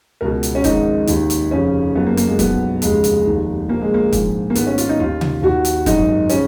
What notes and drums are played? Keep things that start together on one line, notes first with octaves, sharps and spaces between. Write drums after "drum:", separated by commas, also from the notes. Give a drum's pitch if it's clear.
C#2 B2 A#4
drum: hi-hat
C#4
G#1 G#2 F3 D#4, drum: kick, hi-hat
D#2 D#3, drum: hi-hat
drum: hi-hat
F1 F2 C#3 C#4
F#1 F#2 F3 B3
A#3
A#3, drum: hi-hat
G#3
B1 B2 B3, drum: kick, hi-hat
F1 D#2 C#3 G#3, drum: hi-hat
drum: hi-hat
F1 D#2 D#3
A#1 A#2 F3 A#3
G#3
A#3
A#1 G#2 F3, drum: kick, hi-hat
A#3
G#1 G#2 D#3 B3, drum: hi-hat
C#4
F4, drum: hi-hat
D#4
D#2 D#3 F4
drum: tom C3
D#2 D#3 F#4
drum: hi-hat
G#1 F#2 D#3 D#4, drum: kick, hi-hat
C#3 F3 C#4, drum: hi-hat